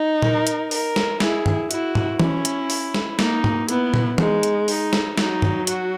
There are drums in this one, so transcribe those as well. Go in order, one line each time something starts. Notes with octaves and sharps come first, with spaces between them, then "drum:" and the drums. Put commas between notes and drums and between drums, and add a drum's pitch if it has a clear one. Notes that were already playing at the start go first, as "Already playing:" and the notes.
Already playing: D#4
A#4, drum: tom
drum: hi-hat
A#4, drum: open hi-hat
drum: snare
E4 G#4, drum: snare
drum: tom
E4 F#4, drum: hi-hat
drum: tom G#2
C#4 E4, drum: tom E3
drum: hi-hat
drum: open hi-hat
drum: snare
A#3 D#4, drum: snare
drum: tom G#2
B3 E4, drum: hi-hat
drum: tom
G#3 D#4, drum: tom E3
drum: hi-hat
D#4, drum: open hi-hat
drum: snare
F#3 D#4, drum: snare
drum: tom
F#4, drum: hi-hat